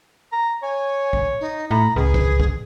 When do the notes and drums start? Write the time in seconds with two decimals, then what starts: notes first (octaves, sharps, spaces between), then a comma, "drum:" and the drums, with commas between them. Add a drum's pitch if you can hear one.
0.32 A#5
0.63 C#5 G#5
1.13 drum: kick B1
1.41 D#4
1.71 A2 A#5 B5
1.96 C#2 G#4 B4
2.14 drum: kick B1
2.40 drum: kick B1